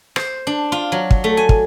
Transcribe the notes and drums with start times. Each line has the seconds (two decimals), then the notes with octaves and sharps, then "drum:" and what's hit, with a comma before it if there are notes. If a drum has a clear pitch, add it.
0.16 C5, drum: rim click
0.47 D4
0.72 F4
0.92 F#3
1.11 drum: kick
1.24 A3
1.37 G#5
1.49 drum: kick